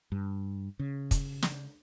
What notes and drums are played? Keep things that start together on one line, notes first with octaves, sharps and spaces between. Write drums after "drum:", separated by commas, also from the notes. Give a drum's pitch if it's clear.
G2
C#3
drum: kick, hi-hat
drum: snare